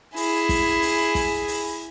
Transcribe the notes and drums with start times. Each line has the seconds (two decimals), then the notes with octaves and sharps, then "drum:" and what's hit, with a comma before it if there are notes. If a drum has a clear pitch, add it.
0.16 E4 G#4, drum: open hi-hat
0.49 drum: kick, open hi-hat
0.82 drum: open hi-hat
1.15 drum: kick, open hi-hat
1.48 drum: open hi-hat